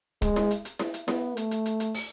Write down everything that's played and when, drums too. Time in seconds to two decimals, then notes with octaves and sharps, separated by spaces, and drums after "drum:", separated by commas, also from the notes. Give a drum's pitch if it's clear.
0.22 G#3, drum: kick, hi-hat
0.36 drum: snare E4
0.51 drum: hi-hat
0.65 drum: hi-hat
0.79 drum: snare E4
0.94 drum: hi-hat
1.08 B3, drum: snare E4
1.37 A3, drum: hi-hat
1.51 drum: hi-hat
1.66 drum: hi-hat
1.80 drum: hi-hat
1.94 drum: open hi-hat